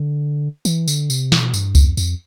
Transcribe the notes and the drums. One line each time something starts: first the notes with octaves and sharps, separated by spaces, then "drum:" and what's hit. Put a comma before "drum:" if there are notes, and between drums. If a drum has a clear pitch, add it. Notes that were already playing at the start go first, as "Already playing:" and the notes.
Already playing: D3
E3, drum: tambourine
D3, drum: tambourine
C3, drum: tambourine
B2, drum: snare
G2, drum: tambourine
F2, drum: kick C#2, tambourine
F2, drum: tambourine